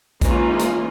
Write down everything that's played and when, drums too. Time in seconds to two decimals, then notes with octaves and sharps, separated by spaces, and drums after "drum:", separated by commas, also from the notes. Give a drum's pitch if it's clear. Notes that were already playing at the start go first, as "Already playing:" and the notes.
0.21 E3 G#3 A#3 C#4 D#4 F4, drum: kick A#1, hi-hat
0.59 drum: hi-hat